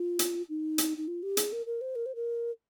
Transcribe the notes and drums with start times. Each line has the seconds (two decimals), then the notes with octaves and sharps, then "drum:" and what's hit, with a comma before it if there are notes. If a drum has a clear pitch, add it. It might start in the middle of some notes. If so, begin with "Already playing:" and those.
Already playing: F4
0.19 drum: hi-hat
0.49 D#4
0.78 drum: hi-hat
0.98 D#4
1.08 F4
1.23 G4
1.37 G#4, drum: hi-hat
1.52 A#4
1.66 A#4
1.81 C5
1.96 A#4
2.06 C5
2.15 A#4